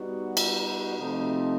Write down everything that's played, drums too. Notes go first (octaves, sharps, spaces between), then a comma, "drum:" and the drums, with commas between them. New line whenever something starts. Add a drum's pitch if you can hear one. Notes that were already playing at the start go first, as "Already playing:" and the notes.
Already playing: G3 B3 D#4 F#4
drum: cymbal
C3 F3 A3 C4 D#4